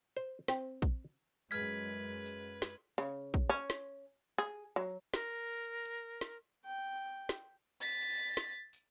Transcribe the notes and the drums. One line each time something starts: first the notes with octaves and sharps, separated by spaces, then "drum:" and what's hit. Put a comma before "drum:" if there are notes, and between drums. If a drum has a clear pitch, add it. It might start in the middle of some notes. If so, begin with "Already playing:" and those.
C5
C4, drum: snare
drum: kick A#1
F#2 G#3 B4 F6 G#6 B6
drum: tambourine
drum: snare
C#3, drum: tambourine
drum: kick A#1
C#4
drum: snare
G#4
F#3
A#4, drum: snare
drum: tambourine
drum: snare
G5
drum: snare
A6 B6
drum: tambourine
drum: snare
drum: tambourine